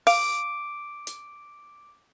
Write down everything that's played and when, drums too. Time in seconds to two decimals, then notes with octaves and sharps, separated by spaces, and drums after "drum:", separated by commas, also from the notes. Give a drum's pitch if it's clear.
0.07 F5 D6 D7, drum: open hi-hat
1.07 drum: hi-hat